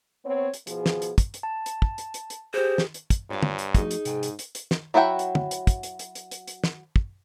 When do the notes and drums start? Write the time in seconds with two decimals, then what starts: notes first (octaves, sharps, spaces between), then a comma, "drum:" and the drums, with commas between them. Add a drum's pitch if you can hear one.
0.25 B3 C4 C#5
0.54 drum: hi-hat
0.67 B2 F3 G#4, drum: hi-hat
0.86 drum: snare
1.02 drum: hi-hat
1.18 drum: kick, hi-hat
1.34 drum: hi-hat
1.43 A5
1.66 drum: hi-hat
1.82 drum: kick
1.98 drum: hi-hat
2.14 drum: hi-hat
2.30 drum: hi-hat
2.54 G4 G#4 C5
2.78 drum: snare
2.94 drum: hi-hat
3.10 drum: kick, hi-hat
3.30 G2 F4 C#5 F5
3.43 drum: tom
3.59 drum: hi-hat
3.75 F3 A3 D#4 F#4 G#4, drum: kick, hi-hat
3.91 drum: hi-hat
4.05 G#2 C3 G5 G#5, drum: hi-hat
4.23 drum: hi-hat
4.39 drum: hi-hat
4.55 drum: hi-hat
4.71 drum: snare
4.94 F#3 E4 E5 F#5 G5
5.19 drum: hi-hat
5.35 drum: tom
5.51 drum: hi-hat
5.67 drum: kick, hi-hat
5.83 drum: hi-hat
5.99 drum: hi-hat
6.15 drum: hi-hat
6.31 drum: hi-hat
6.47 drum: hi-hat
6.64 drum: snare
6.96 drum: kick